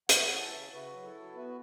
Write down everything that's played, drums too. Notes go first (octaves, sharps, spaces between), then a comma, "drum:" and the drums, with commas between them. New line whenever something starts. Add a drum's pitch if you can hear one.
E3 C#5 F#5, drum: hi-hat
E3
E5 A5
C#3
C#3 F#4 B4
F#3
E4 A4
F#3
B3 F#4 B4